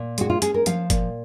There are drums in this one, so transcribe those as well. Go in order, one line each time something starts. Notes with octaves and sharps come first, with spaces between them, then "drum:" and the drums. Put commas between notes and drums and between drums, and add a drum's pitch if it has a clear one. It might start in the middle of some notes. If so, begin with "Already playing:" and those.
Already playing: A#2
G#3 F#4, drum: hi-hat
F4
C#4 G#4, drum: hi-hat
A#4
F3 F5, drum: hi-hat
A#2, drum: kick G1, hi-hat